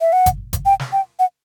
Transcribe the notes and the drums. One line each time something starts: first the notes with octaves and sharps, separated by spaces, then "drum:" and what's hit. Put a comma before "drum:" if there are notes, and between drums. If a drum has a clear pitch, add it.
E5
F#5
drum: kick G1, hi-hat
drum: kick G1, hi-hat
G5
drum: snare
G5
F#5